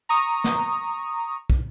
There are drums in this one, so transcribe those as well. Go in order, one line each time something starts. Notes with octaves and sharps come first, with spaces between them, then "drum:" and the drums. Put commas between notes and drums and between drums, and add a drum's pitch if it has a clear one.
A#5 C#6 D#6
drum: snare
drum: kick